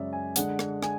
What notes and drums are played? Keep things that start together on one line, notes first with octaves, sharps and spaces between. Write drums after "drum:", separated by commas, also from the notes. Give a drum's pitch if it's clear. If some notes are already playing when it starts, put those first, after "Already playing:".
Already playing: F#2 C#3 G#3 C#5 D5 E5
G#5
D3 G#3 D4 F#5, drum: hi-hat
drum: rim click
G#5, drum: rim click